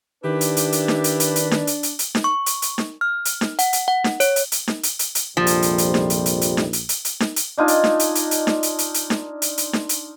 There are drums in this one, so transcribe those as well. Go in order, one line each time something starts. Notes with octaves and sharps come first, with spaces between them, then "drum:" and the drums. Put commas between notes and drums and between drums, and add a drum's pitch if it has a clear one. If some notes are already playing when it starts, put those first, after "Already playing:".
D#3 D4 E4 G4 B4
drum: hi-hat
drum: hi-hat
drum: hi-hat
drum: snare D#4
drum: hi-hat
drum: hi-hat
drum: hi-hat
drum: snare D#4
drum: hi-hat
drum: hi-hat
drum: hi-hat
drum: snare D#4
C#6
drum: hi-hat
drum: hi-hat
drum: snare D#4
F6
drum: hi-hat
drum: snare D#4
F#5, drum: hi-hat
drum: hi-hat
F#5
drum: snare D#4
C#5, drum: hi-hat
drum: hi-hat
drum: hi-hat
drum: snare D#4
drum: hi-hat
drum: hi-hat
drum: hi-hat
A#1 F2 C3 F3 G3
drum: hi-hat
drum: hi-hat
drum: hi-hat
drum: snare D#4
drum: hi-hat
drum: hi-hat
drum: hi-hat
drum: snare D#4
drum: hi-hat
drum: hi-hat
drum: hi-hat
drum: snare D#4
drum: hi-hat
D4 D#4 F4 G#5
drum: hi-hat
drum: snare D#4
drum: hi-hat
drum: hi-hat
drum: hi-hat
drum: snare D#4
drum: hi-hat
drum: hi-hat
drum: hi-hat
drum: snare D#4
drum: hi-hat
drum: hi-hat
drum: snare D#4
drum: hi-hat